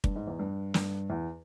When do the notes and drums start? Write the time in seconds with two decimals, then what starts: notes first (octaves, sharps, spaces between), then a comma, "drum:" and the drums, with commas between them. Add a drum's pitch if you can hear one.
0.04 G2, drum: kick
0.16 G#2
0.27 E2
0.39 G2
0.74 G2, drum: snare
1.10 E2